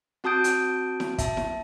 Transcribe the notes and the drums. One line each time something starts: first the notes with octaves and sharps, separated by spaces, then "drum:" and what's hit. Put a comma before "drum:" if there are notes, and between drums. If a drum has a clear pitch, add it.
C4 F#4 A5 D#6 G6 D7
drum: hi-hat
drum: snare E4
E5 A5, drum: kick, hi-hat
drum: snare E4